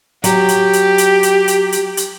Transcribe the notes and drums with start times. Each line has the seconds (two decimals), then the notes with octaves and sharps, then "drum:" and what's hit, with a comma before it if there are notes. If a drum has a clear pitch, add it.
0.24 F#3 G4, drum: hi-hat
0.49 drum: hi-hat
0.73 drum: hi-hat
0.98 drum: hi-hat
1.23 drum: hi-hat
1.48 drum: hi-hat
1.72 drum: hi-hat
1.97 drum: hi-hat